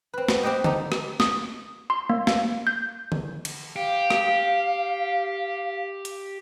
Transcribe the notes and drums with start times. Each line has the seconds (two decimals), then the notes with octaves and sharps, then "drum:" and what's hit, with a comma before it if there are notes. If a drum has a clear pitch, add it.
0.14 C4 B4
0.28 B3, drum: snare
0.43 C4 G4 B4 D#5 G5
0.64 D#4 G4 A4, drum: tom D3
0.92 drum: rim click
1.20 D#6, drum: snare
1.90 C6
2.10 A#3
2.27 A#3, drum: snare
2.67 G6
3.12 drum: tom D3
3.45 drum: cymbal
3.76 G4 F5
4.10 drum: rim click
6.05 drum: hi-hat